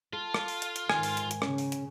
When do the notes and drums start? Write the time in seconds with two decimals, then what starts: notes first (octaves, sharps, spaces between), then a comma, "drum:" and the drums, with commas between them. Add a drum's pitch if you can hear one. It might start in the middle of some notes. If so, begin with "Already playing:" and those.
0.13 F4 A4
0.34 drum: rim click
0.48 drum: open hi-hat
0.62 drum: hi-hat
0.76 drum: hi-hat
0.90 G#2 D#3 G#5, drum: rim click
1.03 drum: open hi-hat
1.17 drum: hi-hat
1.31 drum: hi-hat
1.42 C#3 C#4, drum: rim click
1.58 drum: open hi-hat
1.72 drum: hi-hat